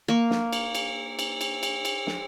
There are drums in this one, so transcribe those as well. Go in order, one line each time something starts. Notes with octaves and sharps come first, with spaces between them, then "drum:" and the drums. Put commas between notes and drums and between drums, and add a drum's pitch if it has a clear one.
A#3 C#6
drum: snare
drum: cymbal
drum: cymbal
drum: cymbal
drum: cymbal
drum: cymbal
drum: cymbal
drum: snare